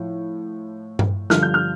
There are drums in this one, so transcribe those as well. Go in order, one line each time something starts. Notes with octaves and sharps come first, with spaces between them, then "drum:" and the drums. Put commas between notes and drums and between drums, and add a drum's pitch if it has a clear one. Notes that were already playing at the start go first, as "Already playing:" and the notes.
Already playing: A2 F3
drum: tom G2
G2 D3 F3 F6, drum: snare
G6
F6